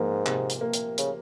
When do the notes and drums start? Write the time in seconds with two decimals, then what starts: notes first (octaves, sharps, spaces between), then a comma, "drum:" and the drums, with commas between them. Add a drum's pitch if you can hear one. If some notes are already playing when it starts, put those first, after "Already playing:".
Already playing: G#2 F3 A#3
0.26 C3, drum: clap
0.50 drum: hi-hat
0.61 A#3
0.74 drum: hi-hat
0.98 C#3, drum: hi-hat